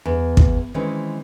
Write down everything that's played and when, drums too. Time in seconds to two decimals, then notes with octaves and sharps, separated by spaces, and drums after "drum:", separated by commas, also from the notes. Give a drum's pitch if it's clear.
0.05 E2
0.37 drum: kick
0.74 D#3 E3 G#3 C4 C#4